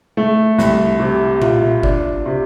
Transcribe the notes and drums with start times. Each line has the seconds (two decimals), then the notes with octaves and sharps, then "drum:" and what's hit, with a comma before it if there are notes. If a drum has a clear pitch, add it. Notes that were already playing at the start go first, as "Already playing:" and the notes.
0.17 A3
0.59 C2, drum: snare
1.00 C3
1.42 F4, drum: tom A#2
1.83 D4, drum: kick
2.26 C3